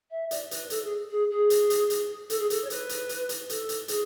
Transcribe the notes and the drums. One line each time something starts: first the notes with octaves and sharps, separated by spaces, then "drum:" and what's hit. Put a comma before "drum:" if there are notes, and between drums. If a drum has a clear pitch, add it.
E5
D5, drum: hi-hat
B4, drum: hi-hat
A4, drum: hi-hat
G#4
G#4
G#4
drum: hi-hat
drum: hi-hat
drum: hi-hat
A4, drum: hi-hat
G#4
A4, drum: hi-hat
C#5
B4, drum: hi-hat
drum: hi-hat
drum: hi-hat
drum: hi-hat
A4, drum: hi-hat
drum: hi-hat
G#4, drum: hi-hat